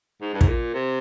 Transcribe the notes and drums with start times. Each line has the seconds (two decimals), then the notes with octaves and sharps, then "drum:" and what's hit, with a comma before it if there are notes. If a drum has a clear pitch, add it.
0.21 G#2
0.33 G2
0.41 G#2, drum: kick
0.48 A#2
0.74 C3